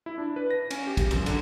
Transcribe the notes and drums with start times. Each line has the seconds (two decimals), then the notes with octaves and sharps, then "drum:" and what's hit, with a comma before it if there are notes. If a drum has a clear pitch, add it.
0.06 E4
0.18 D4
0.36 B4
0.51 A#6
0.71 C#4, drum: cymbal
0.87 G4
0.97 drum: kick, cymbal
1.11 F#2, drum: cymbal
1.26 D3, drum: cymbal